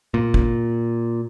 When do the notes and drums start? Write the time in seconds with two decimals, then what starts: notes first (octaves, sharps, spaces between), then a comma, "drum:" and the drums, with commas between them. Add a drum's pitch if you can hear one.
0.14 A#2
0.34 drum: kick